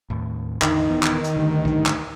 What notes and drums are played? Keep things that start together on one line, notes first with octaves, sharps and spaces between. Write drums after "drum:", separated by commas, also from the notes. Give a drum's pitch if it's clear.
D#2 A2
A1 E2 D3 D#3, drum: clap
D#1 E3 B3
drum: clap
drum: hi-hat
D2 G2 D3
drum: kick C2
drum: clap